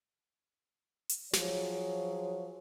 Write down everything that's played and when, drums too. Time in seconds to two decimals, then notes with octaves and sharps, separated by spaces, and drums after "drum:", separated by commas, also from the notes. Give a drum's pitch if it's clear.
1.09 drum: hi-hat
1.33 F3 F#3 G#4 C#5, drum: snare